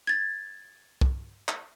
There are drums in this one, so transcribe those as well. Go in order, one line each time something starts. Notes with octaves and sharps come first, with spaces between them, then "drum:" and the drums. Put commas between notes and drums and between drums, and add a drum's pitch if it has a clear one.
G#6 A6
drum: kick
drum: clap